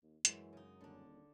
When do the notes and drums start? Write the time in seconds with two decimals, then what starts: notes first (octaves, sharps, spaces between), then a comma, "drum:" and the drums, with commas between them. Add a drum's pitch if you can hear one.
0.03 D#2
0.25 F#2 E3 G#3, drum: hi-hat
0.53 C#3 D#4
0.81 D#1 D3 D4